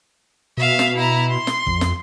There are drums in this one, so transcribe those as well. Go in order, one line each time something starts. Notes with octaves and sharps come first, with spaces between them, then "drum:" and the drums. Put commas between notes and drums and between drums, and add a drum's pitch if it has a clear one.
B2 E5 F5
drum: snare
E4 A#5
C6
drum: snare
F2, drum: kick
drum: snare